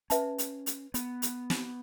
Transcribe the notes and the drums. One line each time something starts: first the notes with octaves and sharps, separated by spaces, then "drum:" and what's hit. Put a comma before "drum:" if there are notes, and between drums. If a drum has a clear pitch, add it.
C#4 B4 E5 A5, drum: hi-hat
drum: hi-hat
drum: hi-hat
B3, drum: hi-hat
drum: hi-hat
drum: snare